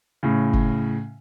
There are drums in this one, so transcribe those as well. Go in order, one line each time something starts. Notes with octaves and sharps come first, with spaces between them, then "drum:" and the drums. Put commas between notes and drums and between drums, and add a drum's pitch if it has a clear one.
A2 C#3
drum: kick